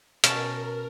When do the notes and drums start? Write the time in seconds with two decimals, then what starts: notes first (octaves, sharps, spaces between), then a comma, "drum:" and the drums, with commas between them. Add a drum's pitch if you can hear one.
0.24 B2 C#4 A#4 A5, drum: hi-hat